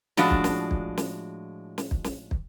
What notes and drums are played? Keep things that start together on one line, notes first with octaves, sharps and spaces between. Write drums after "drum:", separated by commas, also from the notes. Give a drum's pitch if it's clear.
A2 F3 G#3 D4 F#4, drum: snare
drum: kick
drum: snare
drum: kick
drum: snare
drum: snare
drum: kick
drum: snare
drum: kick